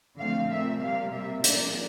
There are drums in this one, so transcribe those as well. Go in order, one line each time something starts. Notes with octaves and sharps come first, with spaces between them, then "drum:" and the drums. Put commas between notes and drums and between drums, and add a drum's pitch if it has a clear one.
D3 F3 A3 C4 F5
A#2 A3 C4 E5
C3 G3 A#3 F5
C3 G3 A#3 E5
A#2 F3 A#3 D5, drum: hi-hat